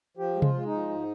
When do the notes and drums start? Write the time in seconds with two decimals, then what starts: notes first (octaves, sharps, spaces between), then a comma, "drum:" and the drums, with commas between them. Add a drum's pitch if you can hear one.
0.17 F3 G4
0.35 G#3
0.42 F4, drum: tom C3
0.54 G#3
0.66 D#4
0.71 F3
0.89 G#2